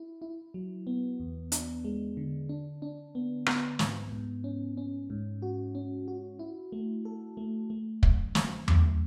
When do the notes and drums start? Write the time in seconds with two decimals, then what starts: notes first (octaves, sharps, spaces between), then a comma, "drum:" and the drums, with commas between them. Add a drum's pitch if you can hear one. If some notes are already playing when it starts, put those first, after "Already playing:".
Already playing: E4
0.22 E4
0.54 F#3
0.87 B3
1.20 E2
1.52 D4, drum: hi-hat
1.85 G#3
2.17 D3
2.49 D4
2.82 D4
3.15 B3
3.46 B3, drum: rim click
3.79 G#2, drum: snare
4.12 G#2
4.44 C#4
4.77 C#4
5.10 G#2
5.42 F#4
5.75 C#4
6.08 F#4
6.39 E4
6.72 A3
7.05 A4
7.37 A3
7.70 A3
8.03 F#2, drum: kick
8.35 F#2, drum: snare
8.68 F#2, drum: tom E2